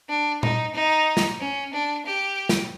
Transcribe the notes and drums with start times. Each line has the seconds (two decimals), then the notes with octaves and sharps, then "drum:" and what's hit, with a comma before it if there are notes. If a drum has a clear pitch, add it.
0.09 D4
0.43 D#4, drum: tom A#2
0.75 D#4
1.17 drum: snare
1.40 C#4
1.74 D4
2.06 G4
2.49 drum: snare